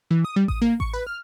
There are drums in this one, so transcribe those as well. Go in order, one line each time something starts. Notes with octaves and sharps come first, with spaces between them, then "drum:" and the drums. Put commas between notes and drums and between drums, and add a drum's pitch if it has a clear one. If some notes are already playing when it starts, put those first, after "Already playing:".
E3
D#6
G3
D#6, drum: kick A1
A#3
C#6, drum: kick A1
B4
F6